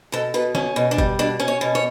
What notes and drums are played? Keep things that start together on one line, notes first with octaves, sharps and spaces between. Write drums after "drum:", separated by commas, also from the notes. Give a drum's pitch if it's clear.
B2 A4
B2 B4
C#4, drum: snare
B2
D4
G3, drum: kick
B2 D4
C#4
C#5
B2
C#5